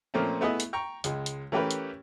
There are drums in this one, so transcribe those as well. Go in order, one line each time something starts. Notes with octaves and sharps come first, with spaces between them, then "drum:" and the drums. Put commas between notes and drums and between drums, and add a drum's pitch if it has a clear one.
A#2 F3 A3 A#3 C4 C#4
A3 B3 E4 G#4 D#5
drum: hi-hat
G5 A#5 C#6
C#2 G#3, drum: hi-hat
drum: hi-hat
E3 A3 C#4 G4 A#4 B4
drum: hi-hat